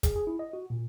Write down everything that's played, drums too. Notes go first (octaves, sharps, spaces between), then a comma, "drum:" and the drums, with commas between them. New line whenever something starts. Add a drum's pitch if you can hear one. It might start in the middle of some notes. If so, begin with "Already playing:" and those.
G#4, drum: kick, hi-hat
G#4
E4
D#5
F#4
A#2